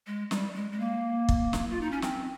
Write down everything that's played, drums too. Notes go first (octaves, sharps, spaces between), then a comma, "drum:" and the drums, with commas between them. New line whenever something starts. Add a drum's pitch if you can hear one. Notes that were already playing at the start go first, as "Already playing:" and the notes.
G#3
G3, drum: snare
G#3
G#3
A#3
drum: kick
drum: snare
F4
D#4
C#4
C4, drum: snare